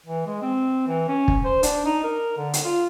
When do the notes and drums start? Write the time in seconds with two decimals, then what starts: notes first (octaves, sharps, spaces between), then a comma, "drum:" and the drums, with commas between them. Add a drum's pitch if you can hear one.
0.06 E3
0.27 G#3
0.42 C4
0.87 E3
1.08 C#4
1.28 drum: kick
1.45 C5
1.63 D4, drum: hi-hat
1.85 D#4
2.04 A#4
2.37 D3
2.53 drum: hi-hat
2.64 F4